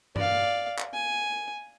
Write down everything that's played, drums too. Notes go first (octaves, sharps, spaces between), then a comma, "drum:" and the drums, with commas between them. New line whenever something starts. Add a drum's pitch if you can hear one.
D5 F5, drum: tom G2
drum: clap
G#5